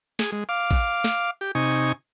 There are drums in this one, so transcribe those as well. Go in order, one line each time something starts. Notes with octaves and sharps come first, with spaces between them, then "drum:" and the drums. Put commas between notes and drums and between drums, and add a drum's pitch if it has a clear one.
G#4, drum: snare
G#3
F5 D6
drum: kick, tambourine
drum: snare
G4, drum: tambourine
C3 D#4 G#5 C#6
drum: tambourine